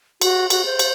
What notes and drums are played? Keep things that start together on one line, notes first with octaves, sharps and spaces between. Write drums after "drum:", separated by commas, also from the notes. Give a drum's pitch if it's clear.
F#4, drum: cymbal
F#4, drum: cymbal
C5
drum: cymbal